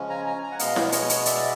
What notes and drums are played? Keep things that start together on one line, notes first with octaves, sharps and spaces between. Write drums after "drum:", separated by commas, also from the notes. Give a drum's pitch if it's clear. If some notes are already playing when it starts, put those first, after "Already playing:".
Already playing: C#3 F3 G#3 C#4
G#5 A#5
G#5 A#5
G#5 A#5
F#5
B2 G#3 B3 D#5 F5, drum: hi-hat
drum: snare E4
C#5 D#5, drum: hi-hat
drum: hi-hat
D5 E5, drum: hi-hat